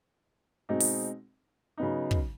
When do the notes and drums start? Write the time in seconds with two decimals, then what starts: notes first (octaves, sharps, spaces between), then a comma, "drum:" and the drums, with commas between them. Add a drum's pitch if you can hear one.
0.69 B2 G#3 C4 D#4
0.80 drum: open hi-hat
1.78 C#3 F#3 B3 D#4
2.11 drum: kick